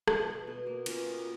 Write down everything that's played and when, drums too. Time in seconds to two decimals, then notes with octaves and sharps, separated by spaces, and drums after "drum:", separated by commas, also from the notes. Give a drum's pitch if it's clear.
0.08 B2, drum: rim click
0.27 B2
0.47 B2
0.67 A#3
0.86 B2 C#4 F4, drum: cymbal
1.06 A#3